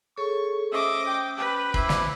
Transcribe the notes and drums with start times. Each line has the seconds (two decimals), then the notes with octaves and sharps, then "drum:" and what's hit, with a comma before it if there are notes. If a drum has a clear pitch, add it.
0.17 G#4 A4 C#5 C#6
0.72 C#4 C5 D#5 E5 D6
1.06 G5
1.37 G4 B4
1.74 E4 C5 D6 E6, drum: kick
1.89 drum: snare